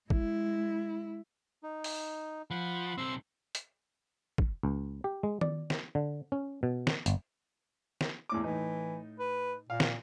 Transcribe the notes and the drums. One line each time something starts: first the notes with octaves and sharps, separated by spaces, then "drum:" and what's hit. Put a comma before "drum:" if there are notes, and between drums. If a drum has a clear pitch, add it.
G#3 E4, drum: kick
D#4
drum: open hi-hat
F3 F#5 B5
B1 C4 C6 E6
drum: hi-hat
drum: kick
C#2
G4
G#3
D5, drum: tom D#3
drum: snare
D3
C#4
B2
drum: snare
G1, drum: hi-hat
drum: snare
E2 A2 D6
A2 E3 D#4
B4
A#2 F5
drum: snare